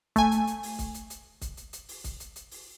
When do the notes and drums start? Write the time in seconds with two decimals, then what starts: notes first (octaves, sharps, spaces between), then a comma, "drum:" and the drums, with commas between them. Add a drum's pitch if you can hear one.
0.16 A3 G#5, drum: kick, hi-hat
0.32 drum: hi-hat
0.47 drum: hi-hat
0.63 drum: open hi-hat
0.79 drum: kick, hi-hat
0.94 drum: hi-hat
1.10 drum: hi-hat
1.41 drum: kick, hi-hat
1.57 drum: hi-hat
1.73 drum: hi-hat
1.89 drum: open hi-hat
2.04 drum: kick, hi-hat
2.20 drum: hi-hat
2.36 drum: hi-hat
2.51 drum: open hi-hat